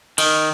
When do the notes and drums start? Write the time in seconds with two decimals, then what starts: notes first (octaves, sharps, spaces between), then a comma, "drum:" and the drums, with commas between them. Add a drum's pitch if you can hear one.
0.18 D#3, drum: cymbal